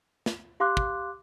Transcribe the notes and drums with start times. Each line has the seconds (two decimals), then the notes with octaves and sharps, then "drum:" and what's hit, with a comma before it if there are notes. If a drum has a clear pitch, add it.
0.26 drum: snare
0.60 G4 F5 C6 D6 F#6
0.77 drum: kick